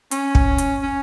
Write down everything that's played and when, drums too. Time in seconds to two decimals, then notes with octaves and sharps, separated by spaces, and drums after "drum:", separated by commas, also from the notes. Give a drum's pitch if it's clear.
0.11 C#4, drum: hi-hat
0.35 drum: kick
0.58 drum: hi-hat
0.82 C#4